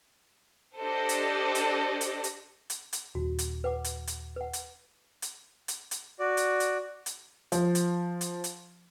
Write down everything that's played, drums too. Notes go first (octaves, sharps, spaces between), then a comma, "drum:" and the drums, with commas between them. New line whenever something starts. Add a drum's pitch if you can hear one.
D4 G4 A4 C5 D5 D#5
drum: hi-hat
drum: hi-hat
drum: hi-hat
drum: hi-hat
drum: hi-hat
drum: hi-hat
D#1 F#4
drum: hi-hat
B4 F#5 D6
drum: hi-hat
drum: hi-hat
B4 F#5
drum: hi-hat
drum: hi-hat
drum: hi-hat
drum: hi-hat
F#4 D5
drum: hi-hat
drum: hi-hat
drum: hi-hat
F3, drum: hi-hat
drum: hi-hat
drum: hi-hat
drum: hi-hat